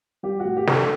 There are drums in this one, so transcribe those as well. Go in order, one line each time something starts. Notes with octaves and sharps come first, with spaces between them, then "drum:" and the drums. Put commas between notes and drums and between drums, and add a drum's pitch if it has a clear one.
G3 G4
A2 F#4
G4
D4 A4, drum: snare